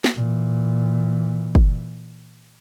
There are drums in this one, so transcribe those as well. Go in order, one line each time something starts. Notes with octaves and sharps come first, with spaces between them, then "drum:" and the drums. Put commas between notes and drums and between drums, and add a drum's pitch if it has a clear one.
drum: snare
A#2 E3
drum: kick